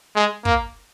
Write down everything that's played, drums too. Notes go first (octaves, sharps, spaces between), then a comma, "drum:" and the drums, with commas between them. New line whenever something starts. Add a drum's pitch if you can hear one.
G#3
A#3, drum: kick